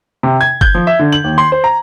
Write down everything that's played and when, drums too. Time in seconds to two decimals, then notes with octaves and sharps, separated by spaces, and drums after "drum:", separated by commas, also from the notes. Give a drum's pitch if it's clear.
0.23 C3
0.41 G#6
0.61 G6, drum: kick
0.75 F3
0.87 E5
0.99 D3
1.13 F#7
1.24 D#2
1.38 C6
1.52 C5
1.64 A#5